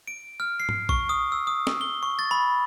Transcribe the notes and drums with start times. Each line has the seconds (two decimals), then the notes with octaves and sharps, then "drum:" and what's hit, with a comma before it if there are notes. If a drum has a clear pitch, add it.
0.07 D7
0.40 F6
0.60 C7
0.69 drum: tom G#2
0.89 C#6, drum: kick A#1
1.09 D#6
1.32 E6
1.47 D#6
1.67 drum: snare
1.81 G7
2.03 C#6
2.19 A6
2.31 B5